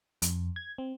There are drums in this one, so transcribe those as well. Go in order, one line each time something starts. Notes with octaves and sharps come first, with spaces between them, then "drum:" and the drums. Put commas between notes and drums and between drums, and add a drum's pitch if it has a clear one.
F2, drum: hi-hat
G#6
C4